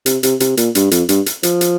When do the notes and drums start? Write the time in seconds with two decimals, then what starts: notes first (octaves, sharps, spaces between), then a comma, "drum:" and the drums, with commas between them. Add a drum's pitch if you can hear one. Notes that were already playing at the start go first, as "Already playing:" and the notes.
0.06 C3, drum: hi-hat
0.23 C3, drum: hi-hat
0.40 C3, drum: hi-hat
0.57 A#2, drum: hi-hat
0.75 G2, drum: hi-hat
0.91 F2, drum: hi-hat
1.09 G2, drum: hi-hat
1.26 drum: hi-hat
1.43 F3, drum: hi-hat
1.61 drum: hi-hat